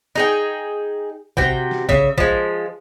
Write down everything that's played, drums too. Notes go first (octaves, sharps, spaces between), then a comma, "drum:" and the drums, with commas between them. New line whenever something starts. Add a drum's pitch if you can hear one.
D#4 G#4 G5
C3 F#4 G5, drum: kick
drum: snare
C#3 E5, drum: kick
F3 G#3, drum: kick